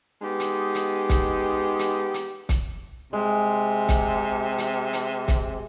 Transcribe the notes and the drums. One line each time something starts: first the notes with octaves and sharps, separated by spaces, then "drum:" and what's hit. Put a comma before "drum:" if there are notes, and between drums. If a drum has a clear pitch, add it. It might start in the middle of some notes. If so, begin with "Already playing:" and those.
G#3 B3 D#4 G4
drum: hi-hat
drum: hi-hat
drum: kick, hi-hat
drum: hi-hat
drum: hi-hat
drum: kick, hi-hat
C3 G#3
drum: kick, hi-hat
drum: hi-hat
drum: hi-hat
drum: kick, hi-hat